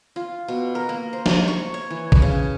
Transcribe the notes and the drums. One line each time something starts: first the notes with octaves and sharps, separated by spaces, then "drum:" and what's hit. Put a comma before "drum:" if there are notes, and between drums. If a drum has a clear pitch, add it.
F4
B2
A#4
A#3
C5
drum: snare
C#6
C#5
E3
drum: kick
C#3